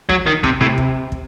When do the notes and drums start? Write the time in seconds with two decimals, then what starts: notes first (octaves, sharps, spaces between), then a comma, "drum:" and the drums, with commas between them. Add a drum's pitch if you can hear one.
0.09 F#3, drum: kick
0.26 D#3
0.44 C3, drum: kick
0.61 A2 C3
0.78 drum: kick
1.12 drum: kick